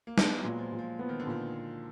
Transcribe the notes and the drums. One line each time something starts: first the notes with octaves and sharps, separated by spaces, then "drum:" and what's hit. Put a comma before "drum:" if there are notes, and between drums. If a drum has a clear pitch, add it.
A#3
G#3 B3, drum: snare
F#3
A#2
F3
A#2
F3
F3 B3
D#3
D3
A#2 D#3